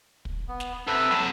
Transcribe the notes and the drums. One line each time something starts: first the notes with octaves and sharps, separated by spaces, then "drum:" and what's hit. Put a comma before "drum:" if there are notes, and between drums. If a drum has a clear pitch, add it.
drum: kick
B3
drum: snare
C3 A4 B4 E6
F#3 A5